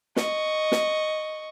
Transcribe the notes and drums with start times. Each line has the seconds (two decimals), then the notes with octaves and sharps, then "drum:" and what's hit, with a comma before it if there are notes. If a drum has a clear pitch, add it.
0.16 D#5 C#6, drum: snare
0.72 drum: snare